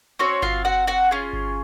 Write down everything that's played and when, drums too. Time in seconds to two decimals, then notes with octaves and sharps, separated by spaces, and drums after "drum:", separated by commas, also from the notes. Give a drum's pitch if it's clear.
0.19 C4 C#4 F#4 C#5
0.42 F4 F5, drum: kick G1
0.65 F#4 F#5
0.87 F#4 F#5
1.11 C#4 F4 G#4
1.33 drum: kick G1